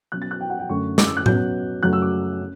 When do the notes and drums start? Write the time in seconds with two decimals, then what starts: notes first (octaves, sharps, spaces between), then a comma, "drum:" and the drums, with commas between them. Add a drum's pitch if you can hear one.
0.12 B2 F#3 C#4 F#6
0.22 A6
0.31 F#6
0.41 G5
0.50 F#5
0.59 G5
0.69 F#2 D3 A3 C#4 C#6
0.98 D6, drum: snare
1.07 E6
1.17 F#6
1.26 B2 F#3 C#4 G6, drum: tom A2
1.83 F#2 C#3 F#3 A3 F#6
1.93 E6
2.02 D6
2.40 C#4